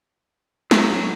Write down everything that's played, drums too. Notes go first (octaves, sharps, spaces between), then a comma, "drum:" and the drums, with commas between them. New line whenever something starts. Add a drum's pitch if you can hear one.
A2 F#3, drum: snare